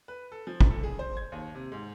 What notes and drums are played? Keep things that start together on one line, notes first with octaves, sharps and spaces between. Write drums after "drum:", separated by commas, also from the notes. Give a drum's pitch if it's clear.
B4
A4
F3
drum: kick
A4
G#4
C5
G#6
D#2
C3
G#2